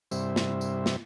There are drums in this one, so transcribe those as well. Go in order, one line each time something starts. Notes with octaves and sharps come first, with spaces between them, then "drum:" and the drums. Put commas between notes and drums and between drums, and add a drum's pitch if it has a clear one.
G2 C3 G3 C5 E5, drum: tambourine
drum: snare
drum: tambourine
drum: snare